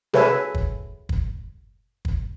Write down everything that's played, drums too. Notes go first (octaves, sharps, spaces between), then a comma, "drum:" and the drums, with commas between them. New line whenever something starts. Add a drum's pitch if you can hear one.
G#4 A4 B4 C#5 E5 G#5, drum: snare
drum: kick
drum: kick
drum: kick